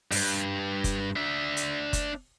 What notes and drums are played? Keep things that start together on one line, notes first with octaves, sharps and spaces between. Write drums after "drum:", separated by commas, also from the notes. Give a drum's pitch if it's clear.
G2, drum: open hi-hat
drum: kick F#1, hi-hat
D4 E5
drum: hi-hat
drum: kick F#1, hi-hat